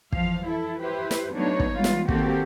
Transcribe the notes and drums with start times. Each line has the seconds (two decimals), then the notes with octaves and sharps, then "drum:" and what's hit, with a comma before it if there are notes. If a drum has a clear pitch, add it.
0.12 F2 E3 F3 F5, drum: kick
0.44 E4 A4
0.81 E4 G4 B4 C5
1.11 drum: snare
1.32 F#3 A3 B3 D4 D#4 C#5
1.60 drum: kick
1.73 E3 G3 G#3 B3 F4
1.84 drum: snare
2.08 D#3 A#3 C4 F#4 G4 A4, drum: kick